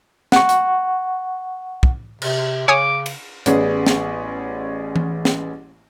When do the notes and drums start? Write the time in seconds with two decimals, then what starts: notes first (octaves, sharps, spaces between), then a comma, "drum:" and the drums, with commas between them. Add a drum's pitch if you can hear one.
0.32 F#5 C#6, drum: snare
0.49 drum: hi-hat
1.83 drum: kick
2.22 C3, drum: cymbal
2.68 C#3 C#5 G#5 D6 D#6
3.06 drum: cymbal
3.46 A1 B3 C#4 G#4 D5, drum: hi-hat
3.87 drum: snare
4.96 drum: tom E3
5.25 drum: snare